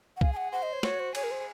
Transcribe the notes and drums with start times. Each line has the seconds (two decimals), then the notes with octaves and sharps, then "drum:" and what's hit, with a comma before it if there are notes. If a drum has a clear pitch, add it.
0.17 F#5
0.21 G#4 F5, drum: kick
0.33 G#5
0.37 F#5
0.52 C5 F#5
0.63 D#5
0.73 C#5
0.83 F#4 C#5, drum: snare
1.00 C5
1.15 G#4 C#5, drum: cymbal
1.24 A#4
1.31 C5